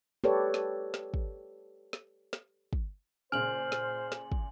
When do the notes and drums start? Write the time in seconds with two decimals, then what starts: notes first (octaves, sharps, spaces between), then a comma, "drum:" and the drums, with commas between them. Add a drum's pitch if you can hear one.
0.24 G4 A4 B4 C#5 D5
0.54 drum: snare
0.94 drum: snare
1.14 drum: kick
1.93 drum: snare
2.33 drum: snare
2.73 drum: kick
3.32 A#2 C#3 C5 G#5 F6 F#7
3.72 drum: snare
4.12 drum: snare
4.32 drum: kick